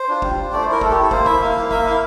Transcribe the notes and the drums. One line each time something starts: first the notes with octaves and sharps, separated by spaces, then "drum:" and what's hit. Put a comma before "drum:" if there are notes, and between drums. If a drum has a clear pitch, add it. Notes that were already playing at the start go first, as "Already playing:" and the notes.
Already playing: C5
D4 F4
G3, drum: kick
D4 F4
A3 D5
C5
E4 A#4
A3 A4, drum: kick
G4
E4
A4
A#3 C5, drum: kick
E4 E5, drum: kick
A#3 F5
E4, drum: snare
A#3 E5, drum: kick
E4 F5